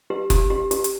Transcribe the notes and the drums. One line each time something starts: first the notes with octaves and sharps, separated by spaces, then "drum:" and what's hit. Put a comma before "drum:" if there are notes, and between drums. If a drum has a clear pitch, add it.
G4
G4, drum: kick F#1, hi-hat
G4
G4, drum: hi-hat
drum: hi-hat